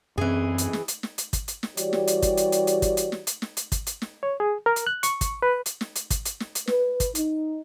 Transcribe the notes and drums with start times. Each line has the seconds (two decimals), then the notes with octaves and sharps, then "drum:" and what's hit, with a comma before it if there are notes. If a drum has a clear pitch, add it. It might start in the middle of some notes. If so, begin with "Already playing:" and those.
0.18 F#2 E3 C4 G#4
0.58 drum: hi-hat
0.73 drum: snare
0.88 drum: hi-hat
1.03 drum: snare
1.18 drum: hi-hat
1.33 drum: kick, hi-hat
1.48 drum: hi-hat
1.63 drum: snare
1.77 E3 G3 F#4 G4 C#5 D5, drum: hi-hat
1.93 drum: snare
2.08 drum: hi-hat
2.23 drum: kick, hi-hat
2.37 drum: hi-hat
2.52 drum: hi-hat
2.67 drum: hi-hat
2.82 drum: kick, hi-hat
2.97 drum: hi-hat
3.12 drum: snare
3.27 drum: hi-hat
3.42 drum: snare
3.57 drum: hi-hat
3.72 drum: kick, hi-hat
3.87 drum: hi-hat
4.02 drum: snare
4.23 C#5
4.40 G#4
4.66 A#4
4.76 drum: hi-hat
4.87 F#6
5.03 C#6, drum: hi-hat
5.21 drum: kick, hi-hat
5.42 B4
5.66 drum: hi-hat
5.81 drum: snare
5.96 drum: hi-hat
6.11 drum: kick, hi-hat
6.25 drum: hi-hat
6.40 drum: snare
6.55 drum: hi-hat
6.67 B4, drum: snare
7.00 drum: kick, hi-hat
7.15 D#4, drum: hi-hat